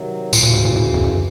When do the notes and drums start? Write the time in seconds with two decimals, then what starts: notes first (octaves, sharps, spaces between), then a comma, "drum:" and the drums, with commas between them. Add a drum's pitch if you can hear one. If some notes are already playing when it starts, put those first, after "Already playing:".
Already playing: C3 D#3 F#3
0.33 D2 A#2 C#3 E3, drum: tambourine
0.43 A#2
0.53 A2
0.65 A#2
0.76 A2
0.94 F2
1.04 F#2